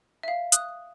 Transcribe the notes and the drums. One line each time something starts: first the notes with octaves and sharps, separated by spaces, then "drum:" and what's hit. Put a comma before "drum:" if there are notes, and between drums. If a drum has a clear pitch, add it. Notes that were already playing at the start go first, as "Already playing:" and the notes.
E5 F5
D#6 F#6, drum: hi-hat